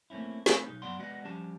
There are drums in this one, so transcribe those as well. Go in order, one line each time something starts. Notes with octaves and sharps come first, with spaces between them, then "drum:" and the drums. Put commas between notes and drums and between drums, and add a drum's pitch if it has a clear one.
A3 A#3 C4 C#4 E4
A3 C4 D#4 G4 B4, drum: snare
B1 D#4
F#2 F#3 B3 D5 F#5 C6
G#3 B3 F#4 D5 D#5
F3 G3 C#4 G4 A5